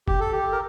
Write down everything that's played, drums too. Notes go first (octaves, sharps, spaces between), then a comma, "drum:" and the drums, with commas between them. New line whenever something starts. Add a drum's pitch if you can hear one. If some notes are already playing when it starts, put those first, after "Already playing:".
G4, drum: kick F#1
A4
G4
A#4